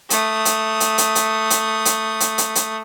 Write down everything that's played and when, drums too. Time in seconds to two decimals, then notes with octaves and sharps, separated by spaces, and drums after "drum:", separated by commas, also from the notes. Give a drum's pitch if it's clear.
0.10 A3 D#6, drum: hi-hat
0.45 drum: hi-hat
0.80 drum: hi-hat
0.98 drum: hi-hat
1.15 drum: hi-hat
1.50 drum: hi-hat
1.85 drum: hi-hat
2.20 drum: hi-hat
2.38 drum: hi-hat
2.55 drum: hi-hat